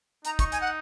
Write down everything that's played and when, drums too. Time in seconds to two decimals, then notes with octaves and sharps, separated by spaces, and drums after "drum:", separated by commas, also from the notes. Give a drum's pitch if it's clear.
0.25 D#4 A#5, drum: hi-hat
0.39 C#6, drum: kick, hi-hat
0.52 G#5, drum: hi-hat
0.61 F#5